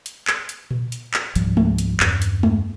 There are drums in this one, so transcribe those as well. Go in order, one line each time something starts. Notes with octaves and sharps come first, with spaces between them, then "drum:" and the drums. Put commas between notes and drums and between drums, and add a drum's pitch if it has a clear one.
drum: hi-hat
drum: clap
drum: hi-hat
drum: tom A#2
drum: hi-hat
drum: clap
C#2 G#2 F3 G3, drum: hi-hat
drum: tom G#3
drum: hi-hat
E2 G2, drum: clap
drum: hi-hat
drum: tom G#3